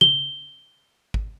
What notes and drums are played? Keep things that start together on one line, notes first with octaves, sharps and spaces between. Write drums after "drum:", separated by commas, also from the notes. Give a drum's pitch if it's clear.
G7, drum: tom C#3
drum: kick G#1